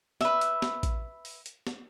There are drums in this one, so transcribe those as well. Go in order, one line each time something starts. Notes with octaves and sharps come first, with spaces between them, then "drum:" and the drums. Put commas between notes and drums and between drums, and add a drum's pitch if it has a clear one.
B4 E5, drum: snare
drum: hi-hat
drum: snare
drum: kick A1, hi-hat
drum: open hi-hat
drum: hi-hat
drum: snare